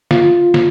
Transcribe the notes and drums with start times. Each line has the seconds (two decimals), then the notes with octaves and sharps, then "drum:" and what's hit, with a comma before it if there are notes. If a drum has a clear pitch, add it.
0.11 F4, drum: snare
0.54 drum: snare